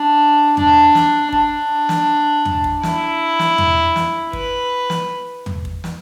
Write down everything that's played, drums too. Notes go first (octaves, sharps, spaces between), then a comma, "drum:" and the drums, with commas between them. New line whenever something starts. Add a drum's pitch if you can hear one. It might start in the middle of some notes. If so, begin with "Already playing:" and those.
Already playing: D4
D4, drum: tom
drum: snare
D4, drum: kick
drum: snare
drum: tom
drum: kick
E4, drum: snare
drum: snare
drum: tom
drum: snare
B4, drum: kick
drum: snare
drum: tom
drum: kick
drum: snare